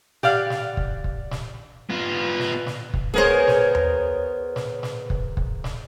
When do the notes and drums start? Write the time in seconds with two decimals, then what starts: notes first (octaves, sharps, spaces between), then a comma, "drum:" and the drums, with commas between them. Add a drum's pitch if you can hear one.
0.23 G4 D5 F5 F#5, drum: snare
0.50 drum: snare
0.77 drum: kick
1.04 drum: kick
1.31 drum: snare
1.90 B3 F4
2.39 drum: snare
2.67 drum: snare
2.94 drum: kick
3.14 B3 G#4 A#4 C5 C#5
3.48 drum: snare
3.75 drum: tom D#2
4.56 drum: snare
4.83 drum: snare
5.10 drum: kick
5.37 drum: kick
5.64 drum: snare